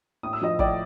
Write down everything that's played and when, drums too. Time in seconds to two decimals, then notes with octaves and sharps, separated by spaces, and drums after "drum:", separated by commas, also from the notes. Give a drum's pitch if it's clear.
0.23 A2 D#6
0.33 E6
0.42 F3 D#5 D#6
0.59 A2 D5 D6, drum: kick